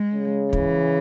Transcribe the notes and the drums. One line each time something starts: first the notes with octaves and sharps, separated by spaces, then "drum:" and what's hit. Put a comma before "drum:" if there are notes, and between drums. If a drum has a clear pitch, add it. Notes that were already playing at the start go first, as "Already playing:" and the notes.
Already playing: G#3
C#3
E3, drum: kick